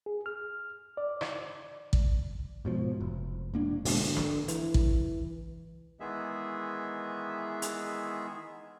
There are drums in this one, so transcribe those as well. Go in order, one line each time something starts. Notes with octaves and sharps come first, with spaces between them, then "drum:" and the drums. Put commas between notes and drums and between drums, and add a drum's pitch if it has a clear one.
G#4
F6
D5
drum: rim click
drum: kick
G#2 B2 F3
F1
E1 A#3 D4
E1 G#2 B2 D3, drum: open hi-hat
D3
drum: snare
E3, drum: hi-hat
drum: kick
D#3 E3 G#3 B3 G#4 E5
drum: hi-hat